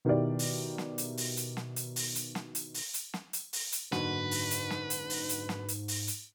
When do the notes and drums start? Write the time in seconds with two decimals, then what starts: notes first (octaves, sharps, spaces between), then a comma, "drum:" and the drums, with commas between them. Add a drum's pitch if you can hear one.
0.05 B2 D#3 D#4 E4 G4 D5
0.39 drum: open hi-hat
0.78 drum: snare
0.98 drum: hi-hat
1.17 drum: open hi-hat
1.37 drum: hi-hat
1.57 drum: snare
1.76 drum: hi-hat
1.96 drum: open hi-hat
2.16 drum: hi-hat
2.35 drum: snare
2.55 drum: hi-hat
2.74 drum: open hi-hat
2.94 drum: hi-hat
3.14 drum: snare
3.33 drum: hi-hat
3.53 drum: open hi-hat
3.72 drum: hi-hat
3.92 F#1 G#2 D3 F#4 B4, drum: snare
4.31 drum: open hi-hat
4.51 drum: hi-hat
4.70 drum: snare
4.90 drum: hi-hat
5.10 drum: open hi-hat
5.29 drum: hi-hat
5.49 drum: snare
5.68 drum: hi-hat
5.88 drum: open hi-hat
6.08 drum: hi-hat